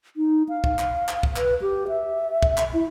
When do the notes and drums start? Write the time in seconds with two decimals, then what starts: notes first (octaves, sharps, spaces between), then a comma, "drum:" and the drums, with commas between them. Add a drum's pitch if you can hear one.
0.17 D#4
0.49 F5
0.64 drum: kick
0.79 drum: clap
1.08 drum: clap
1.23 drum: kick
1.36 B4, drum: clap
1.62 G4
1.88 E5
2.43 drum: kick
2.57 drum: clap
2.74 E4